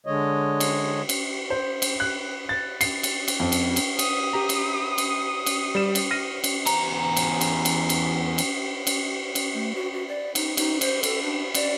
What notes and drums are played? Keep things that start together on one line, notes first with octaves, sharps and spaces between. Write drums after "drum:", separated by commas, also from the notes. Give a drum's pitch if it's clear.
D3 G#3 C#5 D#5
drum: cymbal
drum: cymbal
C5
drum: cymbal
F#6
A6
C7, drum: cymbal
drum: cymbal
drum: cymbal
F2
drum: cymbal
drum: cymbal
D#6, drum: cymbal
G4 A#5
drum: cymbal
drum: cymbal
drum: cymbal
G3 E7
drum: cymbal
F6 A#6 D#7
drum: cymbal
E2 A#5, drum: cymbal
drum: cymbal
drum: cymbal
drum: cymbal
drum: cymbal
drum: cymbal
drum: cymbal
drum: cymbal
A3
F#4
F#4
D5
D#4, drum: cymbal
D#4, drum: cymbal
C5, drum: cymbal
A4, drum: cymbal
D4
D5, drum: cymbal